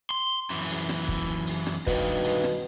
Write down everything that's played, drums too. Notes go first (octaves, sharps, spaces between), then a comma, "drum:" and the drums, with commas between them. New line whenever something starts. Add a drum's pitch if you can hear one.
C6
F#2 E3
drum: open hi-hat
drum: rim click
drum: kick
drum: open hi-hat
drum: rim click
G2 B2 D#3, drum: kick, hi-hat
drum: open hi-hat
drum: rim click